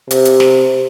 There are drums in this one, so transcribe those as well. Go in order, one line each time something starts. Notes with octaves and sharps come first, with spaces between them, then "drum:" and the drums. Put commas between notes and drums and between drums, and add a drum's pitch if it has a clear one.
C3, drum: hi-hat
drum: hi-hat
drum: snare